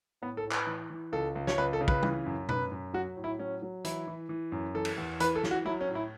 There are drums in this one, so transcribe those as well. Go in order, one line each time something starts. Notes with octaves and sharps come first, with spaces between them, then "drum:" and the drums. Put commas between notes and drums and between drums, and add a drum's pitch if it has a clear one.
A2 B3
A4
A2
B4, drum: clap
E3
E3
C#2 A4
C#2
C#5, drum: snare
C#2 B4
A4
C#3
B4, drum: kick
E3, drum: tom
F#2
F#2 B4, drum: tom
F#2
F#3 F#4
A2
E4
F#3 C#4
F#3
E3 E4, drum: hi-hat
E3
E3
F#2
E3 A4
drum: cymbal
E2
E3 B4, drum: hi-hat
A4
E3, drum: snare
F#4
F#3 E4
C#4
A2
E4